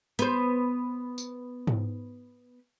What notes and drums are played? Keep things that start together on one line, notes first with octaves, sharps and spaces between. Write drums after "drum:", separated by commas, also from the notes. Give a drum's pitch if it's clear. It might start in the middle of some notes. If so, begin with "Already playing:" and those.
B3 C5, drum: hi-hat
drum: tambourine
drum: tom G#2